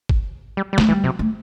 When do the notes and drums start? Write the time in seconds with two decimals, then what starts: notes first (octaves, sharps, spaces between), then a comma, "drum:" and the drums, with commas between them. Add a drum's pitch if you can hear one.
0.09 drum: kick
0.57 G3
0.73 G3
0.78 A3, drum: snare
0.88 E3 G3
1.04 C3 F#3
1.19 A3